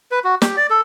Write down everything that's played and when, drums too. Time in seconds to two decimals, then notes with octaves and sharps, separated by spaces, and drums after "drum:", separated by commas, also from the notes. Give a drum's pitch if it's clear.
0.11 B4
0.24 F#4
0.42 G4, drum: snare
0.57 D5
0.70 A4